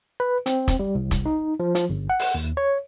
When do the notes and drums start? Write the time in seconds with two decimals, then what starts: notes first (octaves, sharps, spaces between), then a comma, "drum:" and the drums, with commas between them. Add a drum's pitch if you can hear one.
0.20 B4
0.46 C4, drum: hi-hat
0.68 drum: kick, hi-hat
0.79 G3
0.95 C2
1.11 drum: kick, hi-hat
1.26 D#4
1.60 F3
1.75 F3, drum: hi-hat
1.89 G1
2.10 F#5
2.20 drum: open hi-hat
2.35 D#2
2.57 C#5